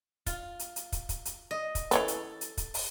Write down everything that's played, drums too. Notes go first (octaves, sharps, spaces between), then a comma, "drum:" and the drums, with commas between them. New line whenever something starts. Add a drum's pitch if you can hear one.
F4, drum: kick, hi-hat
drum: hi-hat
drum: hi-hat
drum: kick, hi-hat
drum: kick, hi-hat
drum: hi-hat
D#5
drum: kick, hi-hat
E3 C#4 A4 B4, drum: hi-hat
drum: hi-hat
drum: hi-hat
drum: kick, hi-hat
drum: open hi-hat